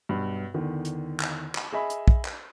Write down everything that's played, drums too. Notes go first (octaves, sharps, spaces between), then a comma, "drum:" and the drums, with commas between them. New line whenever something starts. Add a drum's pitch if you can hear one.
B1 G2
E2 D3 D#3
drum: hi-hat
drum: clap
drum: clap
G#4 D#5 E5 G#5 B5
drum: hi-hat
drum: kick
drum: clap